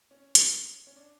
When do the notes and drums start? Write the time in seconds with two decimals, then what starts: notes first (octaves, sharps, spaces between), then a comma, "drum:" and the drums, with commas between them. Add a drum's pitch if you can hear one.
0.11 C#4
0.35 drum: hi-hat
0.87 C#4
0.96 D4